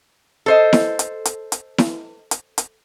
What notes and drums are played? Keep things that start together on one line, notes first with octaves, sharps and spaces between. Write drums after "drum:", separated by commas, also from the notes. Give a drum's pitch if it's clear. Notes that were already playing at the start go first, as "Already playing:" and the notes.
A4 C5 D#5
drum: snare E4
drum: hi-hat
drum: hi-hat
drum: hi-hat
drum: snare E4
drum: hi-hat
drum: hi-hat